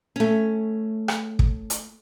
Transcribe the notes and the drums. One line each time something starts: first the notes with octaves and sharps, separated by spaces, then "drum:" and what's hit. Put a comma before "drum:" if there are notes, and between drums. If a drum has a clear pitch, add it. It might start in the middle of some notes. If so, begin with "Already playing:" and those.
A3 C#4
drum: rim click
drum: kick
drum: hi-hat